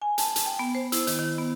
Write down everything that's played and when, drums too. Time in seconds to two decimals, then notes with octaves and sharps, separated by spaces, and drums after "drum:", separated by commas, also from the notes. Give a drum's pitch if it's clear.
0.02 G#5
0.18 A5, drum: hi-hat
0.36 drum: hi-hat
0.46 G5
0.59 B3
0.75 C5
0.92 E4, drum: hi-hat
1.07 D#3, drum: hi-hat
1.18 D#3
1.38 B3